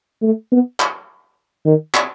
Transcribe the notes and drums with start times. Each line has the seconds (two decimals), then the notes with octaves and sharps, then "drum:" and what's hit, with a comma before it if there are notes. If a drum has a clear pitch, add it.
0.22 A3
0.52 B3
0.80 drum: clap
1.65 D#3
1.94 drum: clap